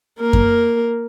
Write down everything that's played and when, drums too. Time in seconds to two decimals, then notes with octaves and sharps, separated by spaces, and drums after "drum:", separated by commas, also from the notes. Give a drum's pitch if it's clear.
0.20 A#3 A#4
0.33 drum: kick F#2